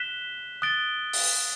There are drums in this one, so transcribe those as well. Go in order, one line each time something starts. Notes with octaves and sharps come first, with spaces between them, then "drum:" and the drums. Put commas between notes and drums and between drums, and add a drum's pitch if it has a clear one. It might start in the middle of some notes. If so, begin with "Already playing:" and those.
Already playing: F#6 B6 E7 G7
D#6 F#6 A6 D7 G7
drum: open hi-hat